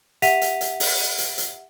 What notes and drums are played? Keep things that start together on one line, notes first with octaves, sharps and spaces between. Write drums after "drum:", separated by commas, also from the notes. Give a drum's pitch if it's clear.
G4 E5 F#5 B6 D#7 F7, drum: hi-hat
drum: hi-hat
drum: hi-hat
drum: open hi-hat
drum: hi-hat
drum: hi-hat